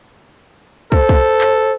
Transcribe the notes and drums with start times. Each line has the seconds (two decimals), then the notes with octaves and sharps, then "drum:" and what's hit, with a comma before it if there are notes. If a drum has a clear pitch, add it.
0.92 A4 C5, drum: kick
1.09 drum: kick
1.41 drum: clap